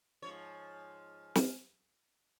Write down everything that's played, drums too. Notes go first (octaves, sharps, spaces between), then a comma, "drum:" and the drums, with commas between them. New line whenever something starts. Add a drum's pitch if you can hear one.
G#2 F3 C#5
drum: snare